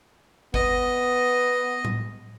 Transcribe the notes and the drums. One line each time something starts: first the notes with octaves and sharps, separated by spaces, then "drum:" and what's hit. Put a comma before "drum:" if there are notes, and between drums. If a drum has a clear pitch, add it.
B3 D#5, drum: kick G1
drum: tom A2